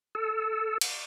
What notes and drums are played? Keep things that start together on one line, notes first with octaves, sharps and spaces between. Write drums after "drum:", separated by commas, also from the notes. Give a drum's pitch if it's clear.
A4
drum: cymbal